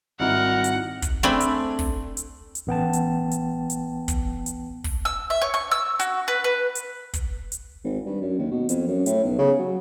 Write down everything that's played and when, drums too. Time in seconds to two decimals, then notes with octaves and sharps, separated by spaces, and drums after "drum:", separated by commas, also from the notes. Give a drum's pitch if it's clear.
0.20 G#1 G3 D#4 E4 A#4 F#5
0.64 drum: hi-hat
1.02 drum: kick, hi-hat
1.23 A3 C4 D4 D5 G#5 B5
1.40 drum: hi-hat
1.79 drum: kick, open hi-hat
2.17 drum: hi-hat
2.55 drum: hi-hat
2.67 A1 B3 G5 A5
2.93 drum: hi-hat
3.31 drum: hi-hat
3.70 drum: hi-hat
4.08 drum: kick, hi-hat
4.46 drum: hi-hat
4.84 drum: kick, open hi-hat
5.05 E6
5.30 E5
5.42 C#5
5.54 C#6
5.71 E6
6.00 F#4, drum: hi-hat
6.28 B4
6.44 B4
6.75 drum: hi-hat
7.13 drum: kick, hi-hat
7.52 drum: hi-hat
7.84 G#1
8.06 G2
8.21 F#2
8.38 D#2
8.51 B2
8.69 F2, drum: hi-hat
8.87 F#2
9.06 A2, drum: hi-hat
9.24 B1
9.38 C#3
9.59 F#3